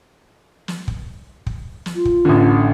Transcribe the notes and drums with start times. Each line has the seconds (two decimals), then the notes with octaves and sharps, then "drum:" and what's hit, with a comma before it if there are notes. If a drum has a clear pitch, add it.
0.68 drum: snare
0.88 drum: kick
1.46 drum: kick
1.86 drum: snare
1.95 F4
2.05 drum: kick
2.25 A1 D3